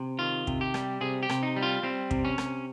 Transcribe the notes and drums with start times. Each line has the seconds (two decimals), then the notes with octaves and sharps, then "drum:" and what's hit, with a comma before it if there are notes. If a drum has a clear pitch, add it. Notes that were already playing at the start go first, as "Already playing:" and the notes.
Already playing: C3
0.19 D#3 F4
0.47 C3, drum: kick
0.61 G4
0.74 G3, drum: rim click
1.01 C3 G#4
1.23 G4
1.29 C3, drum: rim click
1.43 D#4
1.56 G3
1.63 F4
1.83 G3 C4
2.11 C3, drum: kick
2.25 C#4
2.38 C3, drum: rim click